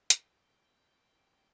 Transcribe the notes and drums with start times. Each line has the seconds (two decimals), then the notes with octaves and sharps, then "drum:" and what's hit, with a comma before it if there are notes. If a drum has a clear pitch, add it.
0.10 G5, drum: hi-hat